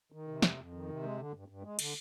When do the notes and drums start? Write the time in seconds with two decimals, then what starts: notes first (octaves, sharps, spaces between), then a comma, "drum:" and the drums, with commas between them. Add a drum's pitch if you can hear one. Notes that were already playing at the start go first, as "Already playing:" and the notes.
0.12 D#3
0.28 C3
0.42 F2, drum: snare
0.57 F2
0.73 D#3
0.88 C3
1.03 G#3
1.18 D3
1.33 G2
1.48 G2
1.63 G#3
1.79 D3, drum: cymbal